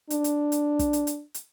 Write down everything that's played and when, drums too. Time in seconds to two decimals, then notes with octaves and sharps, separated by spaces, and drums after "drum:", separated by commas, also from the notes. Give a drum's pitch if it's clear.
0.10 D4, drum: hi-hat
0.24 drum: hi-hat
0.52 drum: hi-hat
0.79 drum: kick, hi-hat
0.93 drum: hi-hat
1.07 drum: hi-hat
1.34 drum: hi-hat